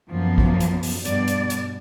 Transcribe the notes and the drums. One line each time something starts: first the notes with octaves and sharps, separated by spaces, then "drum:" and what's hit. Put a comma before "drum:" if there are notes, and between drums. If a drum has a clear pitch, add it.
F#2 F3 A#3 B3
drum: kick A1
drum: hi-hat
drum: open hi-hat
G2 B2 D5, drum: hi-hat
drum: hi-hat
drum: hi-hat